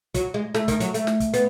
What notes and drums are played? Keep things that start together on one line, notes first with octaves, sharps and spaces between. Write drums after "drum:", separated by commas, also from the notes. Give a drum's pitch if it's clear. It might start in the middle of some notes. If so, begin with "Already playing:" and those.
F#3, drum: kick, hi-hat
G#3
A3, drum: snare
D#3, drum: kick, hi-hat
F#3, drum: hi-hat
A3, drum: hi-hat
drum: snare
drum: kick, hi-hat
B3, drum: hi-hat